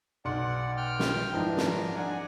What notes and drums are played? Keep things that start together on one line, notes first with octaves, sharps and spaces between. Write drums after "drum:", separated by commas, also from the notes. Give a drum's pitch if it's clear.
B1 D5 F#5 C6 C#7
G5 F6
drum: snare
G#2 E3 F3 D4 A#4
drum: snare
D4 G#4 F#5 G#5